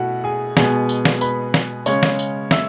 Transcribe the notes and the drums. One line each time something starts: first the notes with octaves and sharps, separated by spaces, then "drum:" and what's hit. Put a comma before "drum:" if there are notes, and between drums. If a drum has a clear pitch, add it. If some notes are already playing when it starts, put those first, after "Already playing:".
Already playing: B2 A3 E4 F#4 F#5
G#4 G#5
B2 G#3 B3 G#4 G#5, drum: snare
drum: tambourine
drum: snare
B4 B5, drum: tambourine
drum: snare
C#3 G#3 C#4 C#5 C#6, drum: tambourine
drum: snare
drum: tambourine
E5 E6, drum: snare